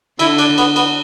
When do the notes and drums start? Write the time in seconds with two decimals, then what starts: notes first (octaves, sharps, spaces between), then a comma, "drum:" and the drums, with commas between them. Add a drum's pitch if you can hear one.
0.19 D3 E4, drum: cymbal
0.38 D4, drum: cymbal
0.58 B3, drum: cymbal
0.76 B3, drum: cymbal